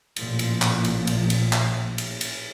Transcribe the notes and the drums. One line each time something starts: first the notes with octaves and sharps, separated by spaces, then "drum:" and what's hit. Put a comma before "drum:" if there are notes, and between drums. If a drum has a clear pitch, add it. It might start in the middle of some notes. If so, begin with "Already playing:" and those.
A1 A#2 F3, drum: cymbal
drum: cymbal
drum: clap
drum: cymbal
drum: cymbal
drum: cymbal
drum: clap
drum: cymbal
drum: cymbal